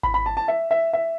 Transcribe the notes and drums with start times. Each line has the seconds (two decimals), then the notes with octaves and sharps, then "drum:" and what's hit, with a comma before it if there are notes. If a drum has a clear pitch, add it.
0.03 B5, drum: kick G#1
0.14 B5
0.26 A5
0.37 A5
0.48 E5
0.71 E5
0.93 E5